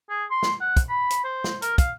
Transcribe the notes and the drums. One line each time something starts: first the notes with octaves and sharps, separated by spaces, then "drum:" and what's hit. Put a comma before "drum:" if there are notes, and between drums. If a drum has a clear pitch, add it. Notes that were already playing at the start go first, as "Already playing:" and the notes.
G#4
C6
drum: snare
F#5
drum: kick, hi-hat
B5
drum: hi-hat
C5
drum: snare
A#4, drum: hi-hat
F5, drum: kick, hi-hat